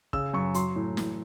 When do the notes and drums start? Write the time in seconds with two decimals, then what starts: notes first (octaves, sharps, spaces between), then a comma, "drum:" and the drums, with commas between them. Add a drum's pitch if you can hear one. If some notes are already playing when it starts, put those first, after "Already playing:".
0.13 C#3 E6, drum: kick
0.34 F#2 C#6
0.54 F#3 C6, drum: hi-hat
0.76 A2
0.97 E3, drum: snare